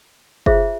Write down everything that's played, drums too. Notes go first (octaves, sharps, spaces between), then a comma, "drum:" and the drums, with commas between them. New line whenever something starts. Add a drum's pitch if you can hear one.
F4 G#4 C5 E5, drum: kick F#1